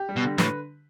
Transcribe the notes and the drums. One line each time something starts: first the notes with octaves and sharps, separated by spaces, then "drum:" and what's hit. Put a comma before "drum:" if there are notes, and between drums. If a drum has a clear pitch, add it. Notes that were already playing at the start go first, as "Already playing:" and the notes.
Already playing: G4
G3
B2
D3
A2 B4, drum: snare